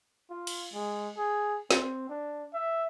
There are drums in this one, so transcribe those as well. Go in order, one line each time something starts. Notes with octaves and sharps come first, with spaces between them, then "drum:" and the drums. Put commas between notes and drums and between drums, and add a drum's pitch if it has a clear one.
F4
drum: cymbal
G#3
G#4
C4, drum: snare
D4
E5